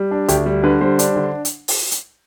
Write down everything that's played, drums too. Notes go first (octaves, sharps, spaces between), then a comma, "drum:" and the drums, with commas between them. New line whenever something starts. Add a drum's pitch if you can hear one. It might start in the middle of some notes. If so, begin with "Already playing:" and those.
Already playing: G3
D4
D2 G4, drum: hi-hat
G3
D3 B4
G3 C5
D4, drum: hi-hat
D3
drum: hi-hat
drum: open hi-hat
drum: hi-hat